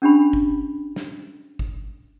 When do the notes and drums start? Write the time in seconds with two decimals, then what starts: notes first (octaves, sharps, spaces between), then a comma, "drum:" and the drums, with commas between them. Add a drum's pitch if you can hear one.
0.02 C#4 D4 G4 B5
0.33 drum: kick
0.96 drum: snare
1.59 drum: kick